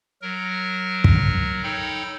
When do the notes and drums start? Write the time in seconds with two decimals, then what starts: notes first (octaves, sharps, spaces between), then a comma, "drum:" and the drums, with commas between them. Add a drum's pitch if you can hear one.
0.22 F#3 A#4
1.04 drum: kick
1.63 D#4 A4 C#5 G5 B5